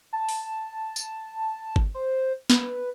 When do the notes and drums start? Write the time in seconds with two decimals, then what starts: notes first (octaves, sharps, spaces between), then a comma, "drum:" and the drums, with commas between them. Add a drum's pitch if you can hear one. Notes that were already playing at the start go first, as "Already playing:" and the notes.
0.13 A5
0.29 drum: open hi-hat
0.96 drum: tambourine
1.76 drum: kick G1
1.94 C5
2.50 B4, drum: snare